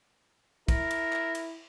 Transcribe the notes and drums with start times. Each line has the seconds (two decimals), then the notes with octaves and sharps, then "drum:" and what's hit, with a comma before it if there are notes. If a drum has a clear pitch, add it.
0.68 E4 A#4, drum: kick, cymbal
0.91 drum: cymbal
1.13 drum: clap
1.35 drum: cymbal